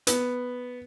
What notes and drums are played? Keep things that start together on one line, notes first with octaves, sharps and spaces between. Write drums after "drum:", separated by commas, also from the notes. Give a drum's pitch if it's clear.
B3, drum: hi-hat